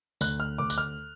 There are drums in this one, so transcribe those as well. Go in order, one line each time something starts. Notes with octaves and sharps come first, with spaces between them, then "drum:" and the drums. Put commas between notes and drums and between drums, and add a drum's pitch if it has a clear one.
D2 F#6, drum: tambourine
F6
D2 D6
F#6, drum: tambourine
F6